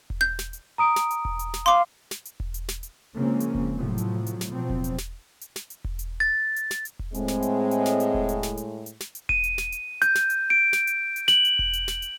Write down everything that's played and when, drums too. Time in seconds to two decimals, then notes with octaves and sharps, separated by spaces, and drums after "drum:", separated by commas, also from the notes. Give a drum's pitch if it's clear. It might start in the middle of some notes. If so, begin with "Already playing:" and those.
0.10 drum: kick E1
0.21 G6
0.39 drum: snare
0.53 drum: hi-hat
0.78 A#5 D#6 D7
0.96 drum: snare
1.11 drum: hi-hat
1.25 drum: kick E1
1.39 drum: hi-hat
1.54 drum: snare
1.66 F5 C6 D6, drum: hi-hat
2.11 drum: snare
2.25 drum: hi-hat
2.40 drum: kick E1
2.54 drum: hi-hat
2.68 drum: snare
2.83 drum: hi-hat
3.17 C#3 F3 G#3 A#3 C4 C#4
3.40 drum: hi-hat
3.55 drum: kick E1
3.78 A2 C3 F3 F#3
3.98 drum: hi-hat
4.26 drum: hi-hat
4.41 drum: snare
4.50 B2 F3 F#3 C4
4.70 drum: kick E1
4.84 drum: hi-hat
4.98 drum: snare
5.41 drum: hi-hat
5.56 drum: snare
5.70 drum: hi-hat
5.84 drum: kick E1
5.99 drum: hi-hat
6.20 A6
6.56 drum: hi-hat
6.71 drum: snare
6.85 drum: hi-hat
6.99 drum: kick E1
7.14 A2 G#3 C4, drum: hi-hat
7.28 drum: snare
7.42 drum: hi-hat
7.71 drum: hi-hat
7.86 drum: snare
8.00 drum: hi-hat
8.14 drum: kick E1
8.29 drum: hi-hat
8.43 drum: snare
8.57 drum: hi-hat
8.86 drum: hi-hat
9.00 drum: snare
9.15 drum: hi-hat
9.29 D#7, drum: kick E1
9.44 drum: hi-hat
9.58 drum: snare
9.72 drum: hi-hat
10.02 G6, drum: hi-hat
10.15 drum: snare
10.30 drum: hi-hat
10.50 D7
10.73 drum: snare
10.87 drum: hi-hat
11.16 drum: hi-hat
11.28 F#7, drum: snare
11.45 drum: hi-hat
11.59 drum: kick E1
11.73 drum: hi-hat
11.88 drum: snare
12.02 drum: hi-hat